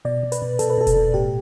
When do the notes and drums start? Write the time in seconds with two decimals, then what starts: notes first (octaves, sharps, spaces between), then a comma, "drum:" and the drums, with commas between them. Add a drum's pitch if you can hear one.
0.05 B2 D5
0.23 B2
0.32 B4, drum: hi-hat
0.42 B2
0.59 B2 A4, drum: hi-hat
0.70 B4
0.78 B2 A4
0.87 drum: kick F1, hi-hat
0.96 B2
1.14 A2 G4